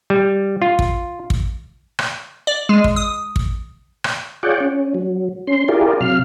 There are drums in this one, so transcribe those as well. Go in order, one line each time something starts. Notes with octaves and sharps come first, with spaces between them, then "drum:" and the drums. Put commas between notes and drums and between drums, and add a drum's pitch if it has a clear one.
G3
F4
drum: kick
drum: kick
drum: rim click
D5
G#3
drum: kick
D#6
drum: kick
drum: rim click
F4 G#4 C#5 D5 F#5 G5
C#4
F#3
C#4 C6
E4 F4 G4 G#4 A#4 D5
C3 F#3 F5 F6